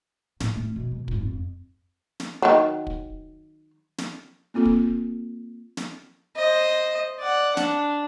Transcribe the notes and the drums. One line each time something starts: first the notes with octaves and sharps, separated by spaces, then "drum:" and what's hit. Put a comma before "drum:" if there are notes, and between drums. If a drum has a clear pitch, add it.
A2, drum: snare
A3 C#4
B2
B2
G#2 F4, drum: kick
F2
drum: snare
D#3 F#3
drum: kick
drum: snare
A#3 C4 F4 A4
drum: kick
drum: snare
C5 D#5
D5 F#5
D4, drum: snare